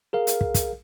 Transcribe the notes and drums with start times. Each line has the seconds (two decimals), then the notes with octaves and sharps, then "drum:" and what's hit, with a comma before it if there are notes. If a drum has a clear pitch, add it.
0.13 G#4 A#4 F5
0.27 drum: hi-hat
0.41 drum: kick
0.54 drum: kick, hi-hat